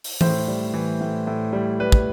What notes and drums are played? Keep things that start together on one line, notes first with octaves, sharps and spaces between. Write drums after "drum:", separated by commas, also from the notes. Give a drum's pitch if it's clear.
drum: open hi-hat
A2 C5, drum: tom E3
G3
E3
A2
A2
G3
G3 B4
drum: kick